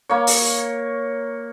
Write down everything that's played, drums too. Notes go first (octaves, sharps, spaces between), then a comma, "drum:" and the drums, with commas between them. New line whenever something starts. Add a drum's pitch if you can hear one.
A#3 C#5
drum: open hi-hat